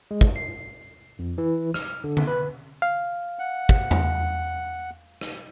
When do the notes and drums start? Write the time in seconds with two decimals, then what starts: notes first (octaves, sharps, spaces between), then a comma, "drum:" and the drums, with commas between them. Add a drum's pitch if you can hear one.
0.11 G#3
0.21 drum: kick
0.36 C7
1.19 F2
1.38 E3
1.74 F6, drum: rim click
2.04 D3
2.17 drum: tom D3
2.27 B4
2.82 F5
3.39 F#5
3.69 drum: kick
3.91 drum: tom E2
5.21 drum: rim click